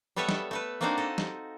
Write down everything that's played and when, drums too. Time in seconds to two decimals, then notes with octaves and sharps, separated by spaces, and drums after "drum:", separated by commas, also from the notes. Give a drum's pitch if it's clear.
0.16 G3 B3 A4 B4 C#5 E5
0.29 drum: snare
0.51 A3 A4 B4
0.81 A#3 C4 D4 D#4 F#4 F5
0.98 A4 D#5
1.18 drum: snare